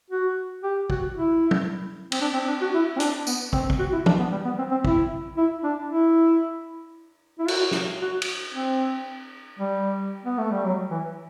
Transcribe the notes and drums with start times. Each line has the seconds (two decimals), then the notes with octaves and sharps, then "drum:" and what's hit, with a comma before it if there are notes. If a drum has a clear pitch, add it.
0.10 F#4
0.63 G4
0.90 F#4, drum: kick
1.15 E4
1.51 drum: tom
2.12 C4, drum: cymbal
2.21 D4
2.34 C4
2.48 D4
2.61 F#4
2.74 E4
2.96 C4
3.00 D4, drum: hi-hat
3.27 B3, drum: tambourine
3.53 C4, drum: kick
3.70 drum: kick
3.79 F#4
3.92 E4
4.06 D4, drum: tom E3
4.19 B3
4.32 G3
4.45 B3
4.58 C4
4.71 C4
4.85 E4, drum: kick
5.37 E4
5.63 D4
5.90 E4
7.39 E4
7.48 F#4, drum: cymbal
7.71 drum: snare
8.01 F#4
8.22 drum: cymbal
8.53 C4
9.59 G3
10.25 B3
10.38 A3
10.51 G3
10.65 F#3
10.91 E3